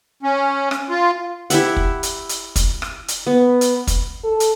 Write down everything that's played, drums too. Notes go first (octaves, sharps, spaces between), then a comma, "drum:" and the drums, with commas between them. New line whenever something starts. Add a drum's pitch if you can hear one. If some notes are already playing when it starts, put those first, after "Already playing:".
C#4
drum: rim click
F4
E4 G4 E5 F#5, drum: hi-hat
drum: kick
drum: hi-hat
drum: hi-hat
drum: kick, hi-hat
drum: rim click
drum: hi-hat
B3
drum: hi-hat
drum: kick, hi-hat
A4
drum: hi-hat